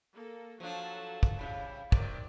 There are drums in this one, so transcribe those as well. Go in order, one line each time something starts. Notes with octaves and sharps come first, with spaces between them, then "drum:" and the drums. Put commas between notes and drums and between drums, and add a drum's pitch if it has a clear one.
A#3 A4
F3 F#3 D4 A4 A5
drum: kick
C#3 G3 E4
C3 D#3 F#3 D5, drum: kick